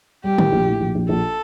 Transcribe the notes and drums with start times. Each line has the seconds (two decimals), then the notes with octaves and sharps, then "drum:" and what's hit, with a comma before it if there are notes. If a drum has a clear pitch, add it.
0.24 G3 G4
0.38 A2, drum: tom D3
0.52 A#1
0.67 A2
0.81 A#1
0.95 A#1
1.09 A#1 A4